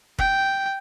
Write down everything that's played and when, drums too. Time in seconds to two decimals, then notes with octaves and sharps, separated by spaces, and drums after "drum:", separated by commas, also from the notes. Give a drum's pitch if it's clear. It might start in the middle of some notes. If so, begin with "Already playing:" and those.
0.19 G5, drum: kick F1